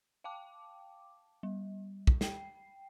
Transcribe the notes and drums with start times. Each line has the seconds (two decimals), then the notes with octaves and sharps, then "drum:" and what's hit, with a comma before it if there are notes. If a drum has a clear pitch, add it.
0.24 F5 G5 A5 D6
1.43 G3
2.07 drum: kick
2.21 G5 C7, drum: snare